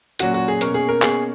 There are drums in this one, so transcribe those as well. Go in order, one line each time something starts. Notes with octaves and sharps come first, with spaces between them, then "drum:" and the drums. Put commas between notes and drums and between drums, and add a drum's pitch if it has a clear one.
A#2 F#3 C#4 F#4, drum: hi-hat
F#4
G#4
B2 A#3 C#4 A#4, drum: hi-hat
G#4
A#4
B2 A#3 C#4 G#4, drum: clap